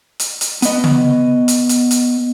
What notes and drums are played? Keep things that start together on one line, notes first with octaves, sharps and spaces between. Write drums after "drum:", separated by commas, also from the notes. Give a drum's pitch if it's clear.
drum: hi-hat
drum: hi-hat
B3 D#5, drum: hi-hat
drum: tom C#3
drum: hi-hat
drum: hi-hat
drum: hi-hat